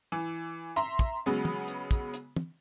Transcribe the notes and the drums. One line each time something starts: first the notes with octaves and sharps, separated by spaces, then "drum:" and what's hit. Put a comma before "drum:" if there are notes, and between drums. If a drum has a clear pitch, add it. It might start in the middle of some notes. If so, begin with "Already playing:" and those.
E3
E5 A#5 C6, drum: hi-hat
drum: kick, hi-hat
C#3 F#3 G#3 B3
drum: tom
drum: hi-hat
drum: kick, hi-hat
drum: hi-hat
drum: tom